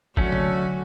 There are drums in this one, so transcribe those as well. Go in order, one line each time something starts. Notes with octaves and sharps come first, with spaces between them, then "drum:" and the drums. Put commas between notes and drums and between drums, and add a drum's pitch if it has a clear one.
D3 F#3 A3 C#4 F#4, drum: kick F#1
drum: tom C3